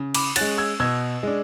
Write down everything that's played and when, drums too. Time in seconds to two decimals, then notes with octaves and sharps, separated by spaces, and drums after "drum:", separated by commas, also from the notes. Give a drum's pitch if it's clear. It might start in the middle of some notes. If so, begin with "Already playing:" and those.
Already playing: C#3
0.15 B5 D6, drum: cymbal
0.36 G#3 C#4 F#6 A6, drum: cymbal
0.58 E6 G#6
0.80 B2 E6 G#6
1.23 G#3 D4